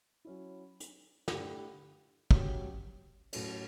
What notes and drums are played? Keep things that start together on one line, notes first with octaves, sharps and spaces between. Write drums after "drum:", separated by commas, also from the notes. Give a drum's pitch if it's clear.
F#3 C#4 E4
drum: hi-hat
D3 A3 E4 G4, drum: snare
F#3 C#4 G4, drum: kick
A2 F#3 C#4, drum: cymbal